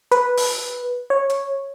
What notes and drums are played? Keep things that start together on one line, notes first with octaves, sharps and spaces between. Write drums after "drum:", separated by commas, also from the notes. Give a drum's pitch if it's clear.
B4, drum: hi-hat
drum: open hi-hat
C#5
drum: hi-hat